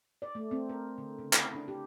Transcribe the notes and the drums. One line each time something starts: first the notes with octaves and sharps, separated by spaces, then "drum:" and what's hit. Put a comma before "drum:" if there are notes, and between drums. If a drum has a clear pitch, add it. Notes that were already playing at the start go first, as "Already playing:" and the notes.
D5
A3
C4
A#4
D3
C#3
E4, drum: clap
D4
G4